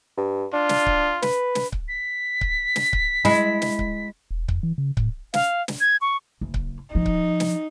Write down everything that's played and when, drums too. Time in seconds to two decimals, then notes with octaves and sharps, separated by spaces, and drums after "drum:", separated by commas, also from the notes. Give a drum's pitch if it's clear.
0.17 G2
0.53 D4 F4
0.69 drum: snare
0.86 drum: kick C#1
1.22 B4, drum: snare
1.55 drum: snare
1.72 drum: kick C#1
1.88 B6
2.41 drum: kick C#1
2.76 drum: snare
2.93 drum: kick C#1
3.25 G#3 E4, drum: snare
3.62 drum: snare
3.79 drum: kick C#1
4.31 E1
4.48 F2, drum: kick C#1
4.63 E3
4.78 C#3
4.97 A2, drum: kick C#1
5.34 F5, drum: snare
5.68 drum: snare
5.81 G#6
6.01 C#6
6.41 F#1
6.54 drum: kick C#1
6.95 F3 D#4
7.06 drum: kick C#1
7.40 drum: snare